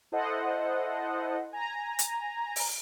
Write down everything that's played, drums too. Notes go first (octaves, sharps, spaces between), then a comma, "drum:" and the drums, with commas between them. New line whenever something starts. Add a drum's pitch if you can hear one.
E4 A4 C5 D#5 F#5
G#5 A#5
drum: hi-hat
drum: open hi-hat